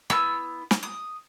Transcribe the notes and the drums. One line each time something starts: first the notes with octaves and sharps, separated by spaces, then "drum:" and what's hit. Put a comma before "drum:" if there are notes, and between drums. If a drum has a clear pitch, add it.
B3 E4 E6, drum: rim click
drum: snare
D#6